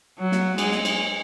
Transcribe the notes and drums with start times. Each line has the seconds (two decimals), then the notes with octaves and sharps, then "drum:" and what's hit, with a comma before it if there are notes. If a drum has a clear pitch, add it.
0.19 F#3
0.32 drum: snare
0.58 G#3, drum: cymbal
0.72 drum: snare
0.85 drum: cymbal